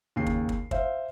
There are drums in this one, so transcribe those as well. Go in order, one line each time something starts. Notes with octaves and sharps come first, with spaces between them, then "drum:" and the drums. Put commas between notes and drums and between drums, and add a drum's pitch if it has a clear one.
D#2 C#3 C7
drum: kick
drum: kick
C5 E5 F5, drum: kick